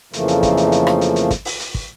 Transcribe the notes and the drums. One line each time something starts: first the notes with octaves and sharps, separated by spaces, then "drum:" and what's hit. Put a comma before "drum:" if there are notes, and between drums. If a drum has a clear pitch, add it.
F2 C#3 E3 F3 A3 A#3, drum: hi-hat
drum: hi-hat
drum: kick, hi-hat
drum: hi-hat
drum: hi-hat
drum: rim click
drum: hi-hat
drum: hi-hat
drum: kick, hi-hat
drum: open hi-hat
drum: hi-hat
drum: kick